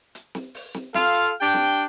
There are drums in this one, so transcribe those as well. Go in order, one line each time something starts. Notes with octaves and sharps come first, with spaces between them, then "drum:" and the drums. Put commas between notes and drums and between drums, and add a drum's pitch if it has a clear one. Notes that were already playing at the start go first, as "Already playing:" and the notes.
drum: hi-hat
drum: snare
drum: open hi-hat
drum: snare
F4 A4 F5, drum: snare
drum: hi-hat
D4 G4 G5
drum: snare